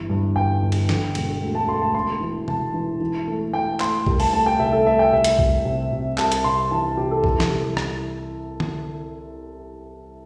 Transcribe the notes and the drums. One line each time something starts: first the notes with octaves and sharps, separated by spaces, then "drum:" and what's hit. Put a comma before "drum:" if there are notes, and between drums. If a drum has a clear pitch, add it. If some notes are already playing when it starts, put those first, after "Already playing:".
Already playing: G1 E3
G2
G1 G5
G1
drum: cymbal
D3, drum: snare
E1, drum: cymbal
D2
A5
A3 C6
A5
E1 C6
E3
E1 A5, drum: tom C3
E3
E3
A3
A3 G5
A3 C6, drum: clap
C2, drum: kick
A5, drum: open hi-hat
A3 A5
G5
C2 E5
A4
A3 E5
G5
C2 E5
drum: hi-hat
C2, drum: kick
C3
C3
C2 A5, drum: clap
drum: hi-hat
C3 C6
E3 A5
C3 G4
A4
E3, drum: kick
drum: snare
C2
drum: rim click
drum: tom D3